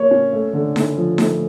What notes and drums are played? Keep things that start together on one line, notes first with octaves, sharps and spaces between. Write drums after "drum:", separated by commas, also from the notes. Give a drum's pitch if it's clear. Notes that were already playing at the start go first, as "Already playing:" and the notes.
Already playing: A#3 C#5
C#4
A3
D3
D3, drum: snare D#4
F3
A3, drum: snare D#4